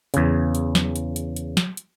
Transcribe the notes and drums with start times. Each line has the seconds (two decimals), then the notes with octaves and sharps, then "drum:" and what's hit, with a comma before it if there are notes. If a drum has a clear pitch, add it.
0.14 E2 C#3, drum: hi-hat
0.55 drum: hi-hat
0.75 drum: snare
0.96 drum: hi-hat
1.16 drum: hi-hat
1.36 drum: hi-hat
1.57 drum: snare
1.77 drum: hi-hat